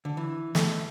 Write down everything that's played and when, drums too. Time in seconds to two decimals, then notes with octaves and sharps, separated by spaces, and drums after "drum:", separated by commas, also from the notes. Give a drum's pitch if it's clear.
0.05 D3
0.17 E3
0.55 A3, drum: snare